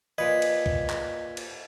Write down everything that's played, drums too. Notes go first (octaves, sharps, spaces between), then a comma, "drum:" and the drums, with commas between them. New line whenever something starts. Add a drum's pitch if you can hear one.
A#2 B4 D#5 G#6
drum: cymbal
drum: kick C2
drum: clap
drum: cymbal